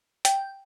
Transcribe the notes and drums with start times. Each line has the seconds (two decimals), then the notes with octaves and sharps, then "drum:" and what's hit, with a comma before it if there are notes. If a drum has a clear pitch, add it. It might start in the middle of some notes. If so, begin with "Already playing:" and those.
0.25 G5, drum: hi-hat